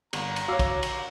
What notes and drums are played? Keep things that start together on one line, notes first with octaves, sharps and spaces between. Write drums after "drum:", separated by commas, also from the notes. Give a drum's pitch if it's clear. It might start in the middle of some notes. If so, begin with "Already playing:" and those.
G1 A#5, drum: cymbal
drum: cymbal
F#4 C#5 F5 D6 E6
drum: kick, cymbal
drum: cymbal